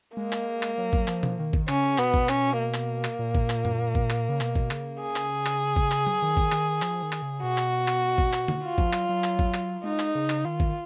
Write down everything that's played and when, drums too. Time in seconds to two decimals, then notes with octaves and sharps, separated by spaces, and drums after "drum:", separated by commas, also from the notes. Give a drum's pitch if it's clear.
0.17 G#3 A#3
0.32 drum: clap
0.63 drum: clap
0.78 F#3
0.93 drum: kick G#1
1.08 F3, drum: clap
1.23 drum: tom B2
1.39 D#3
1.53 drum: kick G#1
1.69 C#3 C#4, drum: clap
1.98 B2 B3, drum: clap
2.14 drum: kick G#1
2.29 C#4, drum: clap
2.59 A#3
2.74 drum: clap
3.04 drum: clap
3.19 A#2
3.35 drum: kick G#1
3.50 drum: clap
3.65 drum: tom F#2
3.95 drum: kick G#1
4.10 drum: clap
4.29 C#3
4.41 B2, drum: clap
4.56 drum: kick G#1
4.71 C#3, drum: clap
5.01 G#4
5.16 drum: clap
5.46 drum: clap
5.76 drum: kick G#1
5.92 drum: clap
6.07 drum: tom F#3
6.22 D#3
6.37 drum: kick G#1
6.52 D#3, drum: clap
6.82 F3, drum: clap
7.03 D#3
7.12 drum: clap
7.22 C#3
7.43 B2 F#4
7.58 drum: clap
7.88 drum: clap
8.18 drum: kick G#1
8.33 drum: clap
8.48 drum: tom D3
8.64 F4
8.78 F3, drum: kick G#1
8.93 F#3, drum: clap
9.09 F#3
9.24 drum: clap
9.39 drum: kick G#1
9.54 drum: clap
9.84 G#3 D#4
9.99 drum: clap
10.15 C#3
10.30 drum: clap
10.45 D#3 F4
10.60 drum: kick G#1